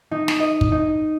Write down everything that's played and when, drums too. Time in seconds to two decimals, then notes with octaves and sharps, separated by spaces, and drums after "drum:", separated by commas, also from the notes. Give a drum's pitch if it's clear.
0.11 D#4
0.28 drum: snare
0.40 D#5
0.61 drum: kick
0.72 D#4